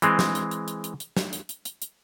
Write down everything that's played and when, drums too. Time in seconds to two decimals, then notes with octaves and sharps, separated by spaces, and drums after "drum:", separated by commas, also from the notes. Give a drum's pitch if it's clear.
0.02 E3 G#3 C4, drum: hi-hat
0.19 drum: snare
0.35 drum: hi-hat
0.51 drum: hi-hat
0.68 drum: hi-hat
0.84 drum: hi-hat
1.00 drum: hi-hat
1.17 drum: snare
1.33 drum: hi-hat
1.49 drum: hi-hat
1.65 drum: hi-hat
1.82 drum: hi-hat